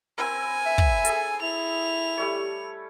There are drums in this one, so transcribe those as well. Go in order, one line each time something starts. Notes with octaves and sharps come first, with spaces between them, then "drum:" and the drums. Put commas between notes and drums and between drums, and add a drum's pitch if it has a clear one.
C4 E4 A#4 G#5
E5
drum: kick
G#4 A4, drum: hi-hat
E4 F7
G3 A3 C#5